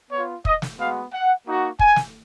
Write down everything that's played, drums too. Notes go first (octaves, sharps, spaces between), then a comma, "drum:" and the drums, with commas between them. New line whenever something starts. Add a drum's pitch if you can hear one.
B3 F4 C#5
D#5, drum: kick
drum: snare
G#3 B3 F#4 F5
F#5
A#3 D#4 F#4
G#5, drum: kick
drum: snare